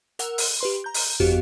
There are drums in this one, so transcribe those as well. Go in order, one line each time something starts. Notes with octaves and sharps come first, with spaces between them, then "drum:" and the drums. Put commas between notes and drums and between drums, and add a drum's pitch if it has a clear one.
A#4 F#5 E6, drum: hi-hat
drum: open hi-hat
G4 B4 C6
A#5 G6
drum: open hi-hat
G1 F2 B3 F#4 G4 F5